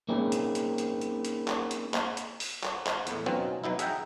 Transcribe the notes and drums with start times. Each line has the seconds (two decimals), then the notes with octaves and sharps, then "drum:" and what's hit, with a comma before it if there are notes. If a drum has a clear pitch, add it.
0.09 A#3 C4 C#4 D#4 E4 G#4
0.32 drum: hi-hat
0.55 drum: hi-hat
0.78 drum: hi-hat
1.01 drum: hi-hat
1.25 drum: hi-hat
1.48 drum: clap
1.71 drum: hi-hat
1.94 drum: clap
2.17 drum: hi-hat
2.40 drum: open hi-hat
2.63 drum: clap
2.86 drum: clap
3.07 E2 A2, drum: hi-hat
3.26 B2 F#3 C4 C#4 D#4 F4
3.64 B2 F#3 D#4 E4
3.79 G#4 E5 F#5 G5 A#5, drum: hi-hat